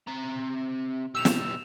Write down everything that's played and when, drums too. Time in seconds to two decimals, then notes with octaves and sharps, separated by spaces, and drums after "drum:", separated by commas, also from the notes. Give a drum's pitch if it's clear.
0.07 C3 A#5
1.15 B1 G3 E6 E7 F7
1.25 drum: snare